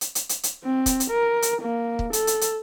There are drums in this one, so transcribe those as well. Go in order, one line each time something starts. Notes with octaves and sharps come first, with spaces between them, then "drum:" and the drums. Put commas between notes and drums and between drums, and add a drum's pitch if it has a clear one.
drum: hi-hat
drum: hi-hat
drum: hi-hat
drum: hi-hat
C4
drum: kick, hi-hat
drum: hi-hat
A#4
drum: hi-hat
A#3
drum: kick
A4, drum: hi-hat
drum: hi-hat
drum: hi-hat